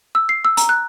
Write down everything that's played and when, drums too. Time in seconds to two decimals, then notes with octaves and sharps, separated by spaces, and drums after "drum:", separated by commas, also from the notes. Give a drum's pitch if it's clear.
0.15 E6
0.29 C7
0.45 E6
0.57 A#5, drum: hi-hat
0.69 F#6